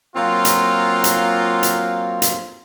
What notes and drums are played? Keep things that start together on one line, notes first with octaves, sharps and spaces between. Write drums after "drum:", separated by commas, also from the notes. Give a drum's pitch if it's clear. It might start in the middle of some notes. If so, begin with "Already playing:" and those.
F#3 A#3 C4 F4
drum: hi-hat
drum: hi-hat
drum: hi-hat
drum: hi-hat